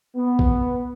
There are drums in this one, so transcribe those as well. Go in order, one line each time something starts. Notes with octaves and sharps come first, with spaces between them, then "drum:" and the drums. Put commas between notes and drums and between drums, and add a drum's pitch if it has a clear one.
B3
drum: kick B1